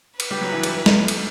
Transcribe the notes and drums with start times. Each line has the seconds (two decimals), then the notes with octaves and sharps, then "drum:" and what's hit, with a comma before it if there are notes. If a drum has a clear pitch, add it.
0.20 B4, drum: cymbal
0.31 G3
0.41 F#3
0.53 E3
0.63 G3, drum: cymbal
0.86 drum: snare
1.08 drum: cymbal